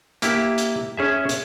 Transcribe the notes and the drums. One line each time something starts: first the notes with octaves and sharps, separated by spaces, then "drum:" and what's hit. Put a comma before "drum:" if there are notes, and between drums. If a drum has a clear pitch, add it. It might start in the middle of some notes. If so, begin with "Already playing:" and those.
A#3 E4 G4, drum: hi-hat
drum: hi-hat
C#4 G#4 E5
drum: hi-hat